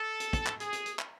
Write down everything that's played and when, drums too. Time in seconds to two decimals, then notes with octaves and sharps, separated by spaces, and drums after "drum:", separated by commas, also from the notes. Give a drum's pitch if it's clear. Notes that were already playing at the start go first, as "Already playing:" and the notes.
Already playing: A4
0.20 drum: hi-hat
0.33 drum: kick, hi-hat
0.46 drum: clap
0.60 G#4, drum: hi-hat
0.73 drum: hi-hat
0.86 drum: hi-hat
0.99 drum: clap